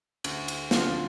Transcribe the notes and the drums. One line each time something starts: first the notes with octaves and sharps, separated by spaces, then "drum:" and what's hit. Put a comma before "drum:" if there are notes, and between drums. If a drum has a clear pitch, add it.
D2, drum: cymbal
drum: cymbal
D3 F3 C4 F4, drum: snare